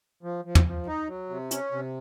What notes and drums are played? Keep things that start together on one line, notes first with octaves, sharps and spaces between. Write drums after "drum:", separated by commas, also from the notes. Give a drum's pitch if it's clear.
F3
F3
drum: tom
F3
D#4
F#3
C3
C#4, drum: hi-hat
C3